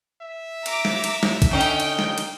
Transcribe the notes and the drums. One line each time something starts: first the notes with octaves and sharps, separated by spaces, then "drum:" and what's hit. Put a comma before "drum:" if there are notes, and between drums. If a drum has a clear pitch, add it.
E5
A#5 D6, drum: cymbal
drum: snare
drum: cymbal
drum: snare
drum: kick A#1, cymbal
D3 C#4 D#4 G5 G6
drum: cymbal
drum: cymbal
drum: snare
drum: cymbal